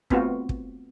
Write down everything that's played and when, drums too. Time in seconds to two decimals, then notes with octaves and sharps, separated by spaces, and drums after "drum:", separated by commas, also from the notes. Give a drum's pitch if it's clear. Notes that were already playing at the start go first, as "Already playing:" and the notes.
0.10 A3 B3 C4 F4 F#4, drum: kick
0.49 drum: kick